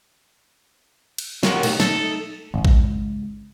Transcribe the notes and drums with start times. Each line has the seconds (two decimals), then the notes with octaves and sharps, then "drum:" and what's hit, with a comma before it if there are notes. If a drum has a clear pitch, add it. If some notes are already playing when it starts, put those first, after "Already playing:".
1.18 drum: cymbal
1.43 F4 G4 A#4 C#5 F#5, drum: snare
1.63 B2 A3 D#4, drum: cymbal
1.80 A3 D#4 A4, drum: snare
2.54 G#1 C#3 G#3
2.65 drum: kick A1